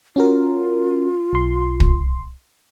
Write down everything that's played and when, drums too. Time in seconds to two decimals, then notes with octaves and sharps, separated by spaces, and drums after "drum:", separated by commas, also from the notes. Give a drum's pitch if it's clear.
0.16 C#4 F4 F#4 A#4
1.33 B1 C6
1.80 drum: kick